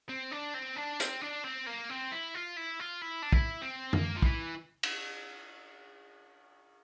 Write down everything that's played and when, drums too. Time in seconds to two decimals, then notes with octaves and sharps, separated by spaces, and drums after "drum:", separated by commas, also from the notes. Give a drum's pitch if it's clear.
0.09 C4
0.32 D4
0.54 C4
0.77 D4
1.00 C4, drum: hi-hat
1.21 D4
1.44 C4
1.66 A#3
1.90 C4
2.12 E4
2.35 F4
2.57 E4
2.80 F4
3.02 E4
3.22 D4
3.32 E4, drum: kick
3.62 C4
3.93 A#3, drum: tom
4.16 F3
4.22 E3, drum: kick
4.83 drum: cymbal